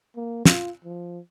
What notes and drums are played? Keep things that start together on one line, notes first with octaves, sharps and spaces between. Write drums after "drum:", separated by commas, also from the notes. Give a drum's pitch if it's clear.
A#3
F4, drum: snare
F3